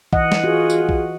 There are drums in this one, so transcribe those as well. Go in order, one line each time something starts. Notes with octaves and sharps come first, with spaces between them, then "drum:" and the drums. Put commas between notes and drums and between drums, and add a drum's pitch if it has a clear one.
E3 D#5 F#5, drum: kick B1
drum: snare
F4 F#4 G#4
drum: tambourine
drum: kick B1